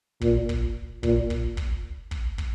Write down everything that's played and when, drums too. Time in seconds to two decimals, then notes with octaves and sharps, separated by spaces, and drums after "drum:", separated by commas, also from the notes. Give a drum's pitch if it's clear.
0.21 A#2, drum: kick
0.49 drum: kick
1.03 A#2, drum: kick
1.30 drum: kick
1.57 drum: kick
2.11 drum: kick
2.38 drum: kick